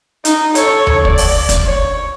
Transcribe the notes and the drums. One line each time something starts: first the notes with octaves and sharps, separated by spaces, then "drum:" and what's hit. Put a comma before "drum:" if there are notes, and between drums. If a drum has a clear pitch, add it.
D#4, drum: hi-hat
A4 C#5, drum: hi-hat
drum: tom D2
D5, drum: kick
drum: open hi-hat
drum: kick, hi-hat
C#5